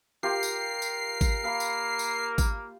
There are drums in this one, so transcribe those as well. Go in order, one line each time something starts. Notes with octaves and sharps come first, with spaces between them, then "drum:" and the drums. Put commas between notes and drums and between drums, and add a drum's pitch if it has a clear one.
F4 G4 A#4 D6 C7
drum: tambourine
drum: tambourine
drum: kick G#1, tambourine
A#3 F5 B5
drum: tambourine
drum: tambourine
drum: kick G#1, tambourine